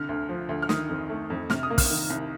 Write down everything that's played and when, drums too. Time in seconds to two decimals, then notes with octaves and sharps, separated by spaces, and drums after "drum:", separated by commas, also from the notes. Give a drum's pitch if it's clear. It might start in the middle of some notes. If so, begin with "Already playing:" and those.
Already playing: C2 D3 F6
0.09 D2
0.29 F3
0.49 D2
0.62 F6
0.69 D#3 D#6, drum: snare
0.89 F2
1.09 A3
1.30 F2
1.50 C3 F6, drum: snare
1.63 D#6
1.70 A#3
1.78 F6, drum: kick, open hi-hat
1.91 D#3
2.10 C2